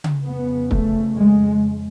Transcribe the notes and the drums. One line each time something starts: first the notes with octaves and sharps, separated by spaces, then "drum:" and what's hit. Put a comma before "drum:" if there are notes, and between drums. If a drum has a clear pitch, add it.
drum: tom C#3
F2 C#3 B3
A3, drum: kick
G#3